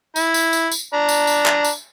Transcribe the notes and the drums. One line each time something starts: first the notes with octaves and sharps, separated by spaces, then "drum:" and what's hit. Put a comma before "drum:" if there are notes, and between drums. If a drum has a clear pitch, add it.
E4, drum: tambourine
drum: tambourine
drum: tambourine
drum: tambourine
D4 A#5
drum: tambourine
drum: tambourine
drum: clap
drum: tambourine